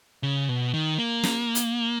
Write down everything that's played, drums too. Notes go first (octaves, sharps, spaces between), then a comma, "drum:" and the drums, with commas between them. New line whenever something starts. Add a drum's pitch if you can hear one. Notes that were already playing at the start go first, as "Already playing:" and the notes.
C#3
B2
D#3
A#3
drum: snare
drum: hi-hat